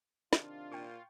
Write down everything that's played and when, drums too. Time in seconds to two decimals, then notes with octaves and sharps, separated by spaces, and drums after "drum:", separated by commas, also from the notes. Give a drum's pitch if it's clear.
0.33 C3 D#3 D4 F4, drum: snare
0.72 A#2 G5 C#6